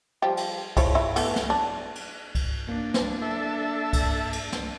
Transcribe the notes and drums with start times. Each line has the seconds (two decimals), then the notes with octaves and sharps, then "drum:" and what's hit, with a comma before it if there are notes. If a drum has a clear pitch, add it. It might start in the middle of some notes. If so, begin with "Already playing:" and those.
0.22 F3 G3 G4
0.37 drum: cymbal
0.77 F3 E4 C#5, drum: kick C2, cymbal
0.95 E3 E4
1.16 E3 A3 B3, drum: cymbal
1.36 drum: snare
1.50 D4
1.95 drum: cymbal
2.35 drum: kick C2, cymbal
2.69 A#3 D4
2.94 drum: snare
3.22 A4 E5
3.93 drum: kick C2, cymbal
4.33 drum: cymbal
4.52 drum: snare